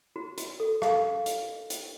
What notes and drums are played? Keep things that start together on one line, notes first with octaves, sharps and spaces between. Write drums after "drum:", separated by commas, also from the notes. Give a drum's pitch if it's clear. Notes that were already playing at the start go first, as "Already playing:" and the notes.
F#4
F#4, drum: hi-hat
A4
F5, drum: rim click
drum: hi-hat
drum: hi-hat